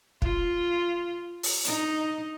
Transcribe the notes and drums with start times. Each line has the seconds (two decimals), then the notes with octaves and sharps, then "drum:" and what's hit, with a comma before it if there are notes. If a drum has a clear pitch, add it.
0.22 F4, drum: kick
1.43 drum: open hi-hat
1.65 D#4, drum: hi-hat